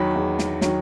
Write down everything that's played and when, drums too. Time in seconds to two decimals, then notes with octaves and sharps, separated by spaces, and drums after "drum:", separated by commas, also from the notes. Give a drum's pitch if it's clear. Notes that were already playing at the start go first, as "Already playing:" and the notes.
Already playing: E2 D#3 F#3 B5
0.16 E2
0.39 drum: snare
0.61 D#3 F#3, drum: snare